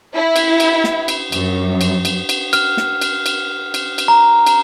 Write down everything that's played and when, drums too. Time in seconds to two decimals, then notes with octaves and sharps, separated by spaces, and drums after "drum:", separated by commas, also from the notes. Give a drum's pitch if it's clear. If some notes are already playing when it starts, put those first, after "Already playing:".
0.15 E4
0.36 drum: cymbal
0.60 drum: cymbal
0.84 drum: snare
1.08 drum: cymbal
1.32 F#2, drum: cymbal
1.81 drum: cymbal
2.05 drum: cymbal
2.29 drum: cymbal
2.53 F6, drum: cymbal
2.77 drum: snare
3.01 drum: cymbal
3.26 drum: cymbal
3.74 drum: cymbal
3.98 drum: cymbal
4.08 A#5
4.46 drum: cymbal